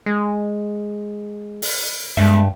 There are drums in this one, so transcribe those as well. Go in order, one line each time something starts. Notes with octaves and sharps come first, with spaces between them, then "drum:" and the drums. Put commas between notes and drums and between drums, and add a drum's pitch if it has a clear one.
G#3
drum: open hi-hat
G2 G#3 E5